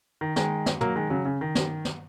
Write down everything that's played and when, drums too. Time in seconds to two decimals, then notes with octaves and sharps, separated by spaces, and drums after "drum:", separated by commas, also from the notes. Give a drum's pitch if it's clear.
0.21 D#3
0.36 D#3 G#3, drum: snare
0.66 drum: snare
0.81 F#3 A#3, drum: tom
0.96 D#3 G#3
1.10 C#3 F#3
1.25 C#3
1.41 D#3
1.55 drum: snare
1.85 drum: snare